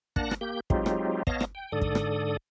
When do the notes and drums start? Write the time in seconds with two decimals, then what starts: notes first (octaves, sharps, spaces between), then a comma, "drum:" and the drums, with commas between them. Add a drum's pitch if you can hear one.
0.16 A#3 D4 F#5 A5 F#6 A#6, drum: kick
0.31 drum: rim click
0.41 A#3 G4 G6
0.70 F#3 G#3 C4 D#4 F4 G4, drum: kick
0.86 drum: rim click
1.27 B3 C#5 D#5 F5 A5 A#6, drum: kick
1.41 drum: rim click
1.55 G5
1.72 G#2 D3 A4 D5 D#6
1.81 drum: kick
1.95 drum: rim click